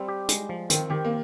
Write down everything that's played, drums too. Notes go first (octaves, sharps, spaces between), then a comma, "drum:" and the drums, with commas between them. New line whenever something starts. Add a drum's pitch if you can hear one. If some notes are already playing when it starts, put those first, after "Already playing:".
Already playing: G3 C4
G4
G#3, drum: hi-hat
F3
D#3 C4, drum: hi-hat
D#3 G4
A#3